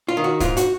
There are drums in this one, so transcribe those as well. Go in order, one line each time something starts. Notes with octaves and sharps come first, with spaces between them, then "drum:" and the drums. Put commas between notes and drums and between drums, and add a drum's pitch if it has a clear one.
F4
D#3
F#4
G#2 F4, drum: kick, hi-hat
F#4, drum: hi-hat